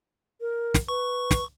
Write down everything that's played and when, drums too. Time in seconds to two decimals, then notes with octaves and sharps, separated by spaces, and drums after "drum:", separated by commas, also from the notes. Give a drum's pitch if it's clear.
0.41 A#4
0.74 drum: snare
0.88 B4 C#6
1.31 drum: snare